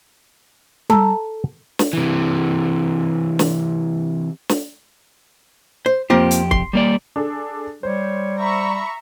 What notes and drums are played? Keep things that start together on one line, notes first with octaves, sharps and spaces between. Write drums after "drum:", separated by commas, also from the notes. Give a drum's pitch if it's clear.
A4 A#5, drum: tom G3
drum: snare
C3 E3
drum: snare
drum: snare
C5
F2 A#3 C4 F4 G4
drum: hi-hat
C6, drum: kick
G3 A#3 D5
D4 G#4 A4
G3 C5 C#5
E5 A#5 B5 C#6